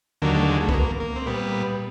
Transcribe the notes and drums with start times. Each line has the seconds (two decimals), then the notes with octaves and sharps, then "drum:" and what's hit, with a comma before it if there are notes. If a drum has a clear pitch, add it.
0.22 D#2 D3 F#3 A#3
0.34 A3
0.48 G#3
0.60 A3
0.69 B3, drum: kick C2
0.73 A#3
1.00 A#3
1.16 C4
1.26 A#2 G3 B3